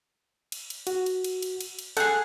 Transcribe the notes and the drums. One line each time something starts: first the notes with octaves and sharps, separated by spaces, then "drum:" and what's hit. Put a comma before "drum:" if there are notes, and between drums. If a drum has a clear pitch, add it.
drum: cymbal
drum: cymbal
F#4, drum: cymbal
drum: cymbal
drum: cymbal
drum: cymbal
drum: cymbal
drum: cymbal
G#4 A4 F#5, drum: cymbal